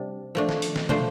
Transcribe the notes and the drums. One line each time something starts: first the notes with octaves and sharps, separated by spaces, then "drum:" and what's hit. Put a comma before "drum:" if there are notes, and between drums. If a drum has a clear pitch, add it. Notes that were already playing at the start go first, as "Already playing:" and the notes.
Already playing: C3 G3 D4 D5
F3 A3 D4
drum: snare
drum: hi-hat
drum: snare
F3 A3 D4 C5, drum: tom